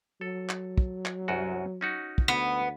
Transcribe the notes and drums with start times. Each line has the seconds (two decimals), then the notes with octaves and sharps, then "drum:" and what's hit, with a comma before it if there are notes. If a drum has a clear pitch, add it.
0.21 F#3 A4
0.49 drum: clap
0.78 drum: kick
1.06 drum: clap
1.28 C2 F#2 F#4
1.81 C#4 D#4 F#4
2.18 drum: kick
2.28 D2 B3